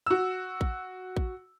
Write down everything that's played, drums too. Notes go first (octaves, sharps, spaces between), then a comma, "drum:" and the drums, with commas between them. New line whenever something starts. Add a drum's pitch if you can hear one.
F#4 E6
drum: kick
drum: kick